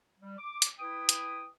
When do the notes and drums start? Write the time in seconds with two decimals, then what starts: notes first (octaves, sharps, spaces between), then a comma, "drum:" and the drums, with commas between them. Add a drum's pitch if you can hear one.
0.20 G3
0.38 D6
0.62 drum: hi-hat
0.79 E4 B4 G5 D#6
1.09 drum: hi-hat